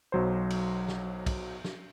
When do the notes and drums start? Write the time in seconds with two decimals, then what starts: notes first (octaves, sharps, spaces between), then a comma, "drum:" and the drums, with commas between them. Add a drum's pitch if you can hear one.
0.12 B1 F#3 C5
0.50 drum: cymbal
0.88 drum: snare
1.26 drum: kick, cymbal
1.64 drum: snare